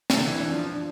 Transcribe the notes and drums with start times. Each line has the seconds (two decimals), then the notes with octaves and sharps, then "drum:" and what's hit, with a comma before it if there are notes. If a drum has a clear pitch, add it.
0.10 C3, drum: snare
0.19 D3
0.27 E3 D4
0.46 D4
0.52 F3
0.65 D4